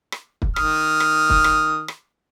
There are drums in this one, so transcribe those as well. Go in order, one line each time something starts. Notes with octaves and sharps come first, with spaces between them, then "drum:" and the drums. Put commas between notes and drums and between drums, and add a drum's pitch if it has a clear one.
drum: rim click
drum: kick
D#3 D#6 F6, drum: rim click
drum: rim click
drum: kick
drum: rim click
drum: rim click